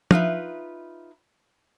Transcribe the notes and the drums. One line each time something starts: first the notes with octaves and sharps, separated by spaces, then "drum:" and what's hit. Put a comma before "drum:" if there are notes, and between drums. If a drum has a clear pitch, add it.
D#4 F4 B4 E5, drum: tom